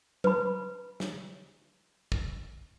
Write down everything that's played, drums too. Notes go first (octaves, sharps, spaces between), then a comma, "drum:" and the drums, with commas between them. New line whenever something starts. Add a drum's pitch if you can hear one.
B4 B5, drum: tom F#3
drum: snare
drum: kick